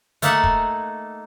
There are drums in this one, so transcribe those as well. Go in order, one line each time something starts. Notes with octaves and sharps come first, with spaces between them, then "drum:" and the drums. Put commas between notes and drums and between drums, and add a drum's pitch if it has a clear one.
A3 A#3 D#4 A4 E5 F#5, drum: hi-hat
drum: kick